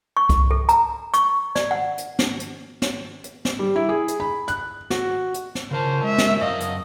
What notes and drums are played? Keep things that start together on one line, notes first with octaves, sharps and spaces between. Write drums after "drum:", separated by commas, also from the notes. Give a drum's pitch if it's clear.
C#6
drum: kick C2, hi-hat
A4
A#5, drum: hi-hat
C#6, drum: hi-hat
D5, drum: snare
F#5
drum: hi-hat
drum: snare
drum: hi-hat
drum: snare
drum: hi-hat
drum: snare
G3
E4
G#4
drum: hi-hat
B5
F#6, drum: hi-hat
F#4, drum: snare
drum: hi-hat
drum: snare
C#3 F3 C#4 A#4 C5 A5
G#3 E5
drum: snare
F#2 D#5 F5
drum: hi-hat